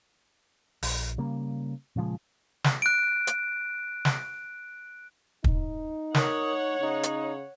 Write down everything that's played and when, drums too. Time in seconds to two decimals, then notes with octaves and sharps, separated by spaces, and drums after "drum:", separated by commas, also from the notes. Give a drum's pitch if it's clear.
0.83 A#1, drum: open hi-hat
1.18 C#3 G3 A#3
1.96 A#2 C#3 F3 G#3
2.64 drum: snare
2.82 F#6 D7
3.27 drum: hi-hat
4.05 drum: snare
5.44 D#4, drum: kick
6.15 A#4 C#5 F#5 D#6, drum: snare
6.80 C#3 D#4
7.03 drum: hi-hat